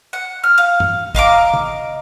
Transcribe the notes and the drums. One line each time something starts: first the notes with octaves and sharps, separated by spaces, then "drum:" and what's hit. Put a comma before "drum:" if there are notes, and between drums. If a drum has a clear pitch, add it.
F#5
F6
F5
drum: tom
D#5 F5 A#5 D6, drum: kick
drum: tom